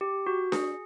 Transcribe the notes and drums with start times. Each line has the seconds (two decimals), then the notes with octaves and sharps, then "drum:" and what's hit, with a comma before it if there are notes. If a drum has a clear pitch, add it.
0.01 G4
0.27 F#4
0.52 G#4, drum: snare D4